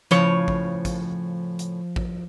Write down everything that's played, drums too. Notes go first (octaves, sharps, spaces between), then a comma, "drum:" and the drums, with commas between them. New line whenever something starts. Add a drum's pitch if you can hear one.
A2 C#3 F3 C#5, drum: hi-hat
drum: kick A1
drum: kick A1, hi-hat
drum: hi-hat
drum: kick A1